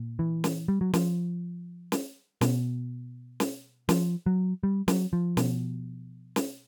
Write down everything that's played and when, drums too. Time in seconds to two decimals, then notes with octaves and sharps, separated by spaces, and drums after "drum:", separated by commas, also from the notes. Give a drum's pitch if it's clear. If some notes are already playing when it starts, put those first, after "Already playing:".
Already playing: A#2
0.19 E3
0.44 drum: snare
0.68 G3
0.81 F#3
0.94 F3, drum: snare
1.92 drum: snare
2.41 B2, drum: snare
3.40 drum: snare
3.89 F3, drum: snare
4.26 F#3
4.63 G3
4.88 F#3, drum: snare
5.13 F3
5.37 B2, drum: snare
6.36 drum: snare